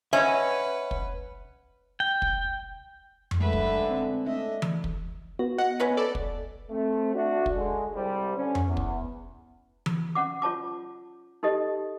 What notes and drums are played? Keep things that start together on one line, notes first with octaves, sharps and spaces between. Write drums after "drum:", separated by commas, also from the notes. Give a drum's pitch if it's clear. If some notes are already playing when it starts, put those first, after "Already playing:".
C#4 B4 C#5 D#5 E5 F#5
drum: kick
G5
drum: kick
drum: tom F2
F#2 D3 G#3 A3 B4 E5
drum: kick
C4
A3 D4 D#5 E5
drum: tom E3
drum: kick
B3 F#4
F#4 D#5 F#5
C#4 B4 C#5
A4 D5
drum: kick
A3 C4
D4 F#4 D5 E5
drum: kick
D3 G#3
C2 G3 C5
D3 C#4
drum: tom F2
E2
drum: kick
drum: tom E3
C#4 F#5 D6
F4 C#5 A5 D6
D#4 G4 A4 D#5